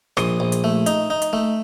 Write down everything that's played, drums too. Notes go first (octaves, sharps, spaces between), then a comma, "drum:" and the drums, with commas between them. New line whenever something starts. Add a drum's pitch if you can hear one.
A#1 C6 D#6, drum: rim click
A#1
drum: hi-hat
A3
D#4, drum: hi-hat
D#4
drum: hi-hat
A3